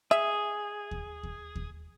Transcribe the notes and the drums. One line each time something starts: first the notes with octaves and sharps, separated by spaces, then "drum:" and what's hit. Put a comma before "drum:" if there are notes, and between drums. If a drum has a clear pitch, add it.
G#4 E5
drum: kick D#2
drum: kick D#2
drum: kick D#2